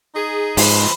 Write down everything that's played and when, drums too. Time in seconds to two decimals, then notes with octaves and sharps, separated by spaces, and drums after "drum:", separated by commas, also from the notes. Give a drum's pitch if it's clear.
0.15 D#4 G#4
0.57 G#2 F3 B4, drum: open hi-hat